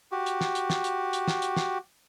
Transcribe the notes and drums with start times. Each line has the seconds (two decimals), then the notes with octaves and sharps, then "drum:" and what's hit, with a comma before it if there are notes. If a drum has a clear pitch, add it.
0.12 F#4 G4
0.26 drum: hi-hat
0.41 drum: snare
0.55 drum: hi-hat
0.70 drum: snare
0.84 drum: hi-hat
1.13 drum: hi-hat
1.28 drum: snare
1.42 drum: hi-hat
1.56 drum: snare